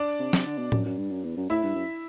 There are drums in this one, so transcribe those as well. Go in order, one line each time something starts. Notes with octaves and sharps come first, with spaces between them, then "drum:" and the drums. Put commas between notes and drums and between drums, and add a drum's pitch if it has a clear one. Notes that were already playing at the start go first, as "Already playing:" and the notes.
Already playing: D4 D5
C3
C3, drum: snare
D3
B2
F#2, drum: tom A2
F#2
G2
F#2
E2
F#2
A2 E4 E5
G2
F#2